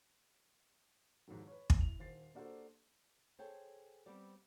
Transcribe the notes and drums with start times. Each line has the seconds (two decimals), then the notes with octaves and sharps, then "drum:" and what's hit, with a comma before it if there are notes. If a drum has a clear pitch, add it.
1.28 F2 G#2 C3 D#3 F#3
1.47 B4 C#5
1.70 drum: kick
1.80 E4 F7
1.99 D#1 C5 A6 C7
2.35 A#3 D4 F#4 G4 A4 C5
3.39 G#4 A4 C5 C#5 G5
4.06 G3 B3 C4 G4 D5